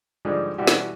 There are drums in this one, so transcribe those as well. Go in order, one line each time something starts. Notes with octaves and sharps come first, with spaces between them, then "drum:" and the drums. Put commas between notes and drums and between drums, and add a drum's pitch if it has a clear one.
G#2 D3 F3 G3 G#3
B2 E3 G3 F#4 G4
drum: snare